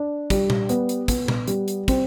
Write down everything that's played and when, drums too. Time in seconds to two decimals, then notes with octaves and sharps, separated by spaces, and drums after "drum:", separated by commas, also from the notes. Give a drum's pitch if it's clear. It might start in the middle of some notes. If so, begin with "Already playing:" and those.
Already playing: D4
0.30 G3, drum: kick, hi-hat
0.50 drum: tom A#2
0.69 B3, drum: hi-hat
0.89 drum: hi-hat
1.08 B3, drum: kick, hi-hat
1.28 drum: tom A#2
1.47 G3, drum: hi-hat
1.68 drum: hi-hat
1.88 C4, drum: kick, hi-hat